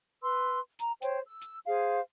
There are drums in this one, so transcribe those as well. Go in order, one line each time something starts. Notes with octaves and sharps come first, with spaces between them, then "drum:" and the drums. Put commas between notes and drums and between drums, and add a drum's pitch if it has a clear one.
B4 C6 E6
A#5, drum: hi-hat
C5 C#5 G5, drum: hi-hat
E6
drum: hi-hat
G#4 C5 F5